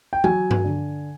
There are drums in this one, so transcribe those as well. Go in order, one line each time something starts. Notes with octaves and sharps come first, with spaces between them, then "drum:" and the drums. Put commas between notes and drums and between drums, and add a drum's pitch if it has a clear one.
G5
F#3 G#5, drum: tom E3
drum: tom G2
D3